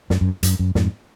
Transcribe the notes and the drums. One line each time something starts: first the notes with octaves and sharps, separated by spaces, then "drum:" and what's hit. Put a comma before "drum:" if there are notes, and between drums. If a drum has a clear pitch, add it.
F#2, drum: snare
F#2
F#2, drum: hi-hat
F#2
F2 G#2, drum: snare